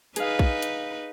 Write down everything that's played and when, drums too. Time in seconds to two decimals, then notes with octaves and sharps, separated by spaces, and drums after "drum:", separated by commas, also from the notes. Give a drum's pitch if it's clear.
0.16 D#4 G#4 B4 F5, drum: hi-hat
0.39 drum: kick
0.62 drum: hi-hat